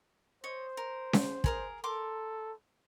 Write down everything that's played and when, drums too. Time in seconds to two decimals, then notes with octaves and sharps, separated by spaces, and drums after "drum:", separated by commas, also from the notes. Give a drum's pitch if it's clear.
0.44 C5 C#5 D#5
0.77 A#4
1.13 drum: snare C#4
1.44 G#4 A#4 D#6, drum: kick
1.84 A4 A#4 C6 D6